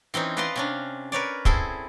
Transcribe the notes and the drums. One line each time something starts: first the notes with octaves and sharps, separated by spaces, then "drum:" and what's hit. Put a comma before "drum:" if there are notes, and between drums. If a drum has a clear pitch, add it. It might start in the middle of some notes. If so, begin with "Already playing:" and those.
E3 C4 C#4 D#4
B4 D5 D#5 F5 A#5 C6
C3 C#4 D4
A#4 B4 C#5 D5
C4 E4 G#4 A4, drum: kick